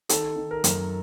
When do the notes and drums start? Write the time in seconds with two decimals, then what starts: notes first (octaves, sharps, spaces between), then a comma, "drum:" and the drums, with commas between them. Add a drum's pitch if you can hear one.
0.09 D#3 A4, drum: hi-hat
0.36 D#3
0.51 A#4
0.64 F#2, drum: hi-hat